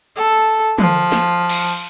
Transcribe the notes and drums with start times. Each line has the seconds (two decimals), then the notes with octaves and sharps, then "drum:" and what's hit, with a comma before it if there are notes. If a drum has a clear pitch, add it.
0.17 A4
0.79 F3, drum: tom
1.12 drum: snare
1.49 drum: cymbal